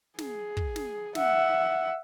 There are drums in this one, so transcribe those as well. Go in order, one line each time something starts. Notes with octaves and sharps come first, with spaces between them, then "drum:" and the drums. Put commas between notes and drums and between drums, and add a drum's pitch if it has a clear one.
G#4, drum: snare
drum: kick
drum: snare
E5 F#5, drum: snare